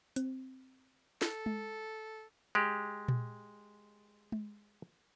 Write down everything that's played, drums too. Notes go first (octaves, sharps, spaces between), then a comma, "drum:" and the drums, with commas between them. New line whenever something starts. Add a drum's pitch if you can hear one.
C4, drum: hi-hat
A4, drum: snare
drum: tom G#3
G#3 G4
drum: tom A#2
drum: tom G#3